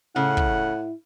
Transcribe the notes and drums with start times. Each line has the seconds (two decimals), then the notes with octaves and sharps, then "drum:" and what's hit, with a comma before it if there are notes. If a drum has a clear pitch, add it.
0.16 A2 C#3 E4 F#5
0.37 drum: kick